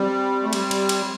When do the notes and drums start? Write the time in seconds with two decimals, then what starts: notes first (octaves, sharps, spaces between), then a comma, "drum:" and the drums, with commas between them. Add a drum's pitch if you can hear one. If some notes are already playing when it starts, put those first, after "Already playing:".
Already playing: G3 C4
0.43 A3
0.53 G3, drum: cymbal
0.71 drum: cymbal
0.89 drum: cymbal